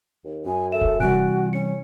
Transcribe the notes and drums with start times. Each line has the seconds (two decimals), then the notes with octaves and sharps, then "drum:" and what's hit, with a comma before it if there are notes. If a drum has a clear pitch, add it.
0.24 D#2
0.45 F#2 G#5
0.72 A4 E5 E7
0.81 drum: kick D#1
1.00 C3 E3 G3 F#4 G#5 F#6 D7
1.53 C#4 C#7